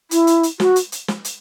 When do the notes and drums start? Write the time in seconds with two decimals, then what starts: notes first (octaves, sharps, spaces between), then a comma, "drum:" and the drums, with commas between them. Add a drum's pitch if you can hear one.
0.11 E4, drum: hi-hat
0.27 drum: hi-hat
0.43 drum: hi-hat
0.60 F#4, drum: snare
0.76 drum: hi-hat
0.92 drum: hi-hat
1.08 drum: snare
1.25 drum: hi-hat